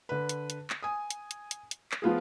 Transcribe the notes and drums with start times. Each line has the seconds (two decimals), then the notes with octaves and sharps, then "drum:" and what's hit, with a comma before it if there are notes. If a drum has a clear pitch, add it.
0.09 D3 B4
0.29 drum: hi-hat
0.50 drum: hi-hat
0.70 drum: clap
0.83 G#5 D#6
1.10 drum: hi-hat
1.31 drum: hi-hat
1.51 drum: hi-hat
1.71 drum: hi-hat
1.92 drum: clap
2.02 F3 B3 F4 G#4